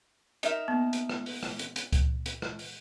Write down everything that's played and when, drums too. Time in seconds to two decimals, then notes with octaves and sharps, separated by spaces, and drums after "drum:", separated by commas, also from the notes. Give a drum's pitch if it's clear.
0.43 D#4 A#4 D#5 E5, drum: hi-hat
0.68 A#3 B3
0.93 drum: hi-hat
1.09 drum: rim click
1.26 drum: open hi-hat
1.43 drum: rim click
1.59 drum: hi-hat
1.76 drum: hi-hat
1.92 drum: kick C#2, hi-hat
2.26 drum: hi-hat
2.42 drum: rim click
2.59 drum: open hi-hat